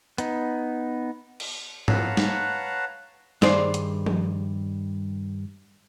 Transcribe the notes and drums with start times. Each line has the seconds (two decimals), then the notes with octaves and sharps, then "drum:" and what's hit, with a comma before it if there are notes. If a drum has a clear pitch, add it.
0.18 B3 D#4, drum: hi-hat
1.40 drum: cymbal
1.88 B4 C#5 F5 F#5 A5 A#5, drum: tom G#2
2.17 drum: snare
3.42 G2 D#3 G#4 C5 D5, drum: snare
3.74 drum: hi-hat
4.06 drum: tom F3